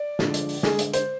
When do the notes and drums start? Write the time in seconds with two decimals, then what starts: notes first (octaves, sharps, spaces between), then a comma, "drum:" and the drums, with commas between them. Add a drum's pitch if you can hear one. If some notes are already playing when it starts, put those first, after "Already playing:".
Already playing: D5
0.19 D3 F3 G#3, drum: snare
0.34 drum: hi-hat
0.49 drum: open hi-hat
0.63 D3 G#3 G#4, drum: snare
0.79 drum: hi-hat
0.94 C5, drum: hi-hat